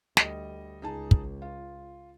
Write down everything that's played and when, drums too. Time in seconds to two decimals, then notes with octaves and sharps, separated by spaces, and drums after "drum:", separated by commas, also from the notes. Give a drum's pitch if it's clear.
0.17 D2 G3 D#5, drum: snare
0.82 C#2 D#4 G#4 A5
1.11 drum: kick
1.42 F4